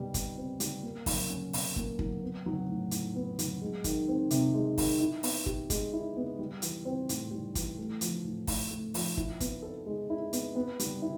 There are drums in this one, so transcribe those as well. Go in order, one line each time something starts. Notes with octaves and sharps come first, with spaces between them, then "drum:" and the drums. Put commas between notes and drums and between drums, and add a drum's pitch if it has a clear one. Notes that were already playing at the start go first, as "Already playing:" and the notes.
Already playing: B2 G3
B2, drum: kick, hi-hat
C4
G3, drum: hi-hat
A#3
F#3, drum: kick, open hi-hat
C#4
B2, drum: open hi-hat
A#3, drum: kick
F#3, drum: kick
B3
F#3
A2
A2, drum: hi-hat
B3
F#3, drum: hi-hat
G#3
D#3, drum: kick, hi-hat
C4
C3, drum: hi-hat
G#3
D#3, drum: kick, open hi-hat
E4
B3, drum: open hi-hat
G4, drum: kick
G#3, drum: kick, hi-hat
E4
B3
G3
E3, drum: hi-hat
C4
A2, drum: hi-hat
G3
E3, drum: kick, hi-hat
A3
F3, drum: hi-hat
A2
A2, drum: kick, open hi-hat
A3
F3, drum: open hi-hat
E4, drum: kick
B3, drum: kick, hi-hat
A4
G#3
E4
B3, drum: hi-hat
B3
G3, drum: hi-hat
E4